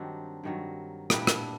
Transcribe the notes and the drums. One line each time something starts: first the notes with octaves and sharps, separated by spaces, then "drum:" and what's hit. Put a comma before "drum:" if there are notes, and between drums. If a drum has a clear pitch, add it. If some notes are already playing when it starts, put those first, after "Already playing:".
Already playing: G2 D#3 F#3 C4 D4
G2 D#3 F#3
A#2 G3 D4 E4, drum: rim click
drum: rim click